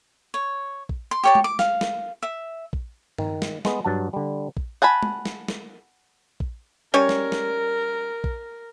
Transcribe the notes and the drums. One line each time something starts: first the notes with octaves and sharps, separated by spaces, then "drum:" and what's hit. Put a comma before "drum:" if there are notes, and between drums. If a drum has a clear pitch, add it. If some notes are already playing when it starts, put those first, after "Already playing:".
C#5
drum: kick A#1
C6
G4 C#5 A5
drum: tom G#3
D6
F5, drum: snare
drum: snare
E5
drum: kick A#1
D#3, drum: tom G2
drum: snare
G#3 B3, drum: snare
G2 F#3 F#5 A5
D3 G3
drum: kick A#1
F#5 G#5 A5 B5
drum: tom G#3
drum: snare
drum: snare
drum: kick A#1
G3 C#4 A#4 C#5
drum: snare
drum: snare
drum: kick A#1